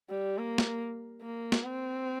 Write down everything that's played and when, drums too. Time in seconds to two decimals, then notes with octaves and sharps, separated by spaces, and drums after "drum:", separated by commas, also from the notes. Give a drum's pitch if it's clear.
0.09 G3
0.38 A#3
0.58 drum: snare
1.22 A#3
1.52 drum: snare
1.64 C4